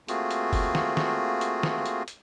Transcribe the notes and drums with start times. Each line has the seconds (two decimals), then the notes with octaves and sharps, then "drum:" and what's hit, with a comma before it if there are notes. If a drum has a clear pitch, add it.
0.08 A3 A#3 C4 F4 F#4 G#4, drum: hi-hat
0.31 drum: hi-hat
0.53 drum: kick, open hi-hat
0.75 drum: snare
0.97 drum: snare
1.41 drum: hi-hat
1.63 drum: snare
1.86 drum: hi-hat
2.08 drum: hi-hat